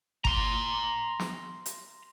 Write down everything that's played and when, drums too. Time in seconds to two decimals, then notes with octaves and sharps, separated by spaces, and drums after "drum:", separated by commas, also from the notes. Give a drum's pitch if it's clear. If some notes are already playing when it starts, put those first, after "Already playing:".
0.25 A#5 C6, drum: kick G1
1.20 drum: snare
1.66 drum: hi-hat